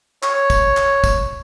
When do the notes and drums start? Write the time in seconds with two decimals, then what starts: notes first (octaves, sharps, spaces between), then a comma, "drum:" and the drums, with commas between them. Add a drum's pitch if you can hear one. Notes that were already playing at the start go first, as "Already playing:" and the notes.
0.23 C#5, drum: clap
0.50 drum: kick, tambourine
0.77 drum: clap
1.04 drum: kick, tambourine